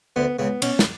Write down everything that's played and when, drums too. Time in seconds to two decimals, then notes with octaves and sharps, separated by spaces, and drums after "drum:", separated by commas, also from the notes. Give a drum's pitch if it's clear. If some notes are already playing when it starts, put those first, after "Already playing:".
0.16 D2 D3 B3
0.38 C#2 C#3 B3
0.62 B2 C#4, drum: cymbal
0.79 drum: snare